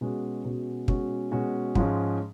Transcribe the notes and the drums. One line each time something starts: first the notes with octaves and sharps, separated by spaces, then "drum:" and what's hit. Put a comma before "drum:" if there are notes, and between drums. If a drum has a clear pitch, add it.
B2 G#3 C#4 F#4
B2 G#3 C#4 F#4
B2 G#3 C#4 F#4, drum: kick
B2 G#3 C#4 F#4
G#2 F3 G#3 C#4, drum: kick